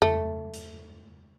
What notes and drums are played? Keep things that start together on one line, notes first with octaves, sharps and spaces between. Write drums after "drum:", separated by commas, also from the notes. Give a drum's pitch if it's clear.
A3, drum: tom E2
drum: hi-hat